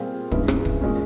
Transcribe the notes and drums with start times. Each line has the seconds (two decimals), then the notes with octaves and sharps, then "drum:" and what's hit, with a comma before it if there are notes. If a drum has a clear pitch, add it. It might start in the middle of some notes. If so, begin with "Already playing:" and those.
Already playing: A#2 G3 C4 F4 G#4
0.31 G2 E3 G#3 C#4 E4, drum: kick
0.48 drum: rim click
0.65 drum: kick
0.81 A#2 G#3 C#4